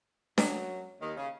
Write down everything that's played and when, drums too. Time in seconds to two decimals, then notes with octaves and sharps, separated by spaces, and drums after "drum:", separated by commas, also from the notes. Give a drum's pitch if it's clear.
0.38 F#2 F#3, drum: snare D4
1.01 D#2 D#3
1.17 C#3